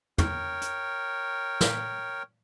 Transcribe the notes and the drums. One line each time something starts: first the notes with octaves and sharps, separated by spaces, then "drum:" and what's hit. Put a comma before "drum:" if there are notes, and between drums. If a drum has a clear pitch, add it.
A#4 C#5 G5, drum: tom
drum: hi-hat
drum: snare